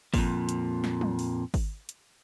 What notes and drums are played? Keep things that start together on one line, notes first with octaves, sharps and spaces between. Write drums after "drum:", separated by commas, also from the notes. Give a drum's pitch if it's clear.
F2 A#2, drum: kick G#1, open hi-hat
drum: hi-hat
drum: snare
drum: tom F#3
drum: open hi-hat
drum: kick G#1, open hi-hat
drum: hi-hat